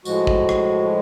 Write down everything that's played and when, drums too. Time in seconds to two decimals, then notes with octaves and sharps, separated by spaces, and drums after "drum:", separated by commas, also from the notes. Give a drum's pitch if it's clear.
0.05 A2 F3 G#3 F#4, drum: tambourine
0.27 drum: kick
0.49 drum: rim click